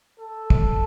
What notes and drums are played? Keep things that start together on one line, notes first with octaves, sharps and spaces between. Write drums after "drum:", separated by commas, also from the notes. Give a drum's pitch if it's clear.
A4
drum: kick